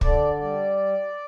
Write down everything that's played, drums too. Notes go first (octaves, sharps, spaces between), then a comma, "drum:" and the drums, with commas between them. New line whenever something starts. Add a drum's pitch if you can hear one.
D3 D5, drum: kick
G3 D5